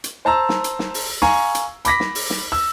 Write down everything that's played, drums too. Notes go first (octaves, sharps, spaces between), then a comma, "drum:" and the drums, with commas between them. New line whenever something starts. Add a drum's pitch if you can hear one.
drum: hi-hat
C5 A5 A#5 E6
drum: snare
drum: hi-hat
drum: snare
drum: open hi-hat
F5 G#5 A#5 C#6, drum: snare
drum: hi-hat
B5 D6 A#6 B6, drum: hi-hat
drum: snare
drum: open hi-hat
drum: snare
E6